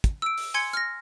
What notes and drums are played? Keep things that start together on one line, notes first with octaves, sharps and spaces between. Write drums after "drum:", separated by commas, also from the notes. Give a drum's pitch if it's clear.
drum: kick, hi-hat
E6 D7
drum: open hi-hat
G#5 C6 G#6 C#7
F6 A#6, drum: hi-hat